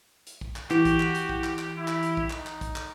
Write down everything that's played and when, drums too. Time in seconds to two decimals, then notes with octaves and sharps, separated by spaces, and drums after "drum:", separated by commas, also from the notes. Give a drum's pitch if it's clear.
0.27 drum: hi-hat
0.41 drum: kick
0.56 drum: clap
0.71 E3 F#4 G4, drum: clap
0.85 drum: kick, hi-hat
1.00 drum: clap
1.15 drum: hi-hat
1.29 drum: kick
1.44 drum: clap
1.59 drum: clap
1.77 E4
1.88 drum: clap
2.03 drum: hi-hat
2.17 drum: kick
2.30 D#4, drum: clap
2.47 drum: clap
2.61 drum: kick, hi-hat
2.76 drum: clap